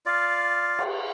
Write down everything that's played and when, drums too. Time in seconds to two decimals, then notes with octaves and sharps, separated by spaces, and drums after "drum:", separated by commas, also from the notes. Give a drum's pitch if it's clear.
0.06 F4 D5 F5
0.79 drum: cymbal